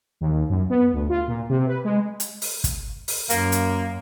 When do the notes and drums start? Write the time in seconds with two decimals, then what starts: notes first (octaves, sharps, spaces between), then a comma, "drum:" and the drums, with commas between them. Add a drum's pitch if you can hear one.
0.21 D#2
0.50 F#2
0.70 B3
0.93 D2
1.09 F4
1.28 A#2
1.49 C3
1.67 B4
1.84 G#3
2.20 drum: hi-hat
2.42 drum: open hi-hat
2.64 drum: kick, hi-hat
3.08 drum: open hi-hat
3.30 F#2 A#3, drum: hi-hat
3.52 drum: hi-hat